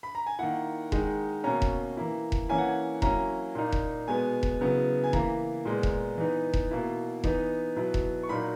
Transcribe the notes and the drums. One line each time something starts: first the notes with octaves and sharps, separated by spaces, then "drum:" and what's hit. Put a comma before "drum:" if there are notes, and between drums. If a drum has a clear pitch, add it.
B5
A#5
G#5
D#3 A#3 E4 F#5
D#3 G#3 D#4, drum: kick E1
B2 A#3 C#4 A#5
drum: kick E1
E3 A#3 E4
drum: kick E1
E3 A#3 C#4 E4 G#5
F#5
G#5
F#3 A#3 C#4 E4 A#5, drum: kick E1
A#2 A#3 D#4
drum: kick E1
B2 G#3 B3 G#5
drum: kick E1
C#3 F#3 B3 E4
G#5
E3 A#3 E4 A#5, drum: kick E1
A#2 G#3 B3
drum: kick E1
E3 B3 D#4
drum: kick E1
B2 A#3 E4
E3 B3 D#4, drum: kick E1
B2 F#3 B3 E4
drum: kick E1
C#6
A#2 F#3 A#3 D#4 B5